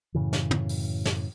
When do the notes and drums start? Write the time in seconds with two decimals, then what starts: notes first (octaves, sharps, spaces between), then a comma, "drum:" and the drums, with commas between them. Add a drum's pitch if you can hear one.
0.15 F#2 A2 C#3 E3
0.33 drum: snare
0.51 drum: tom
0.69 drum: open hi-hat
1.05 drum: snare